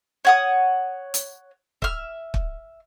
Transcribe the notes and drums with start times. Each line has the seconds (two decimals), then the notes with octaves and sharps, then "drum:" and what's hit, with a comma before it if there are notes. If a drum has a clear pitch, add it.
0.25 C#5 F#5 D#6
1.14 drum: hi-hat
1.82 E5 F6, drum: kick
2.34 drum: kick